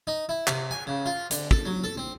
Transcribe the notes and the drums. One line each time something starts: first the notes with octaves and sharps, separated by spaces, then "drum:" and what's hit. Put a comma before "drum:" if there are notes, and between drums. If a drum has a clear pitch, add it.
D#4
E4
C3, drum: clap
G#5
C#3
F4
D3, drum: hi-hat
A4, drum: kick
F#3
A4
C4